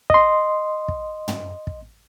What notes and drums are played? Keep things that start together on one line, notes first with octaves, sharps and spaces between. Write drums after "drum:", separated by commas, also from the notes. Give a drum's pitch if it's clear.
D#5 C6, drum: kick
drum: kick
drum: tom
drum: kick